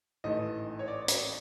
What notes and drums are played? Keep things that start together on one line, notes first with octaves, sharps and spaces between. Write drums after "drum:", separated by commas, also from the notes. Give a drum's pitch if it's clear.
A1 G#2 E3 A3 D#5
C#5
D5
C#5, drum: hi-hat